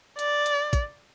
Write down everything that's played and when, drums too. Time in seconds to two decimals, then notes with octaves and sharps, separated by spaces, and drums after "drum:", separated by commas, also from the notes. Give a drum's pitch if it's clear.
0.19 D5, drum: hi-hat
0.46 drum: hi-hat
0.73 drum: kick, hi-hat